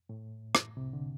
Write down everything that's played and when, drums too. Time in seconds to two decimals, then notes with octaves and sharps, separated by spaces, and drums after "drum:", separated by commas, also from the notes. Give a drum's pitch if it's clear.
0.09 A2
0.55 drum: rim click
0.77 C2 C3
0.93 D3